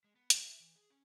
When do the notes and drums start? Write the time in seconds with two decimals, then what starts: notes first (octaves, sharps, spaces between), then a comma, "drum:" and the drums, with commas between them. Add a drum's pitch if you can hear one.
0.04 G#3
0.16 B3
0.30 G#3, drum: hi-hat
0.43 E5
0.60 E3
0.76 G#4
0.90 C#4